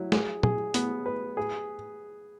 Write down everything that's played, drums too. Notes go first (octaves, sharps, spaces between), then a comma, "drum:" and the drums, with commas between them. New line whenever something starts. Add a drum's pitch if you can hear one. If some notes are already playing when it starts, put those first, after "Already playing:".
Already playing: F#3 E4
G#4, drum: snare
G#4, drum: tom
B3, drum: hi-hat
B4
G#4